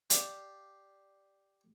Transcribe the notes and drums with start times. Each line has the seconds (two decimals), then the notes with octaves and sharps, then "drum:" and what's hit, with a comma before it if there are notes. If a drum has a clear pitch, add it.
0.10 G4 D5 F5, drum: hi-hat